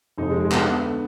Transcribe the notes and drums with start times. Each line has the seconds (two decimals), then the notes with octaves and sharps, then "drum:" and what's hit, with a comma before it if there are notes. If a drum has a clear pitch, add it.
0.18 F1 F2 C3 D#4
0.29 G#3
0.41 G#3
0.52 D2 D3 B3, drum: clap
0.91 D3